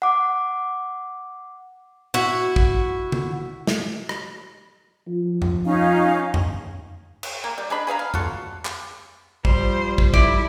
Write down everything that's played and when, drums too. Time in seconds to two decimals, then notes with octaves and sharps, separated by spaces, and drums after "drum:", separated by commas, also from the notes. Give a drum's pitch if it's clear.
0.02 F#5 D6
2.14 E4 F#4
2.56 drum: kick
3.12 drum: tom D3
3.67 drum: snare
4.09 drum: rim click
5.08 F3
5.42 drum: tom F2
5.65 C#4 D#4 F5
6.34 drum: tom F2
7.23 drum: cymbal
7.44 A#3
7.58 G3
7.70 G#3 D4 B5
7.87 G#4 B4 F5 A#5
7.99 F5
8.14 F4 F#4 A4, drum: tom F2
8.65 drum: clap
9.45 F3 G3 C5, drum: kick
9.98 drum: kick
10.14 E4 D5, drum: kick